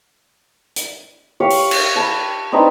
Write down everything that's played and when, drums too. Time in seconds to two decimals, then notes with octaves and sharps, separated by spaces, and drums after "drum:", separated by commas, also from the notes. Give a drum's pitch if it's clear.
0.76 drum: hi-hat
1.40 G4 C#5 F5
1.50 drum: open hi-hat
1.71 drum: cymbal
1.96 A5 B5
2.52 C4 D4 D#4 B4